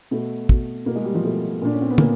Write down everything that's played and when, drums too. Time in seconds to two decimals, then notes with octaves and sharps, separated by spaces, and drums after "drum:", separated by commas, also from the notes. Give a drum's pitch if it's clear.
0.11 B2 A3
0.49 B2, drum: kick
0.86 B2 A#3
0.95 G#3
1.05 G3
1.15 F3
1.24 B2 A3
1.62 A#2 D4
1.73 C#4
1.82 C4
1.90 B3
1.98 A#2 A#3, drum: tom